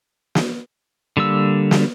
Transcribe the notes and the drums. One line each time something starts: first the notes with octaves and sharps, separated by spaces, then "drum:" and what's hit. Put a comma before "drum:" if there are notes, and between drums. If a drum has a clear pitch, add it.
drum: snare
D3 G3 A#3 E6
drum: snare